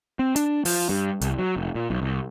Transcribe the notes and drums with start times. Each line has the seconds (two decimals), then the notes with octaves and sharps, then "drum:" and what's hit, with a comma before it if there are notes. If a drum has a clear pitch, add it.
0.19 C4
0.36 D4, drum: hi-hat
0.65 F3, drum: open hi-hat
0.89 G2
1.21 C2, drum: hi-hat
1.39 F#3
1.57 F1
1.75 A#2
1.90 B1
2.02 C2